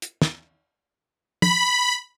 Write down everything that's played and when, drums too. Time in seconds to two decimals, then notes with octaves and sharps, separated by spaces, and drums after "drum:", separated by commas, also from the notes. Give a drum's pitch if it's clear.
0.02 drum: hi-hat
0.22 drum: snare
1.42 B5, drum: tom